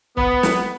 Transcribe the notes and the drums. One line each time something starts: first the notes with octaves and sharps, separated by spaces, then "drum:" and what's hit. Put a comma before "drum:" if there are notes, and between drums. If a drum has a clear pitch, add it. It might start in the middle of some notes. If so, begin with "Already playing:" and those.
B3, drum: kick
drum: snare